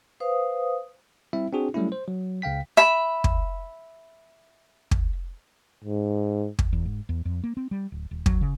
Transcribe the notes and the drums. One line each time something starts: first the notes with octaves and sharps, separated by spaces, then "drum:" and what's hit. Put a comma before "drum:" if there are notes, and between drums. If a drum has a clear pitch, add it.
B4 C5 F5 D#6
G3 C4 E4 E5
C4 D4 F#4 G#4
F#3 G3 A3 C#4 E4
C5
F#3
C#2 C#3 F5 G5 B6
E5 B5
drum: kick
drum: kick
G#2
drum: kick
E2
G#2
E2
F2
A#3
C4
G3
D1
D#1
F#3, drum: kick
C#3